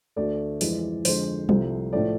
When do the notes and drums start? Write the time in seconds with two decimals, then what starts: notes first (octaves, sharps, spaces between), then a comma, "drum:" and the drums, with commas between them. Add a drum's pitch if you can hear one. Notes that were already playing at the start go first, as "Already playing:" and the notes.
0.16 D2 D3 A3 D5
0.61 F2 E3 G#3, drum: open hi-hat
1.05 F2 D3 G#3 C5, drum: open hi-hat
1.49 C2 C3 F3 A3, drum: tom G3
1.93 A2 F3 A3 D5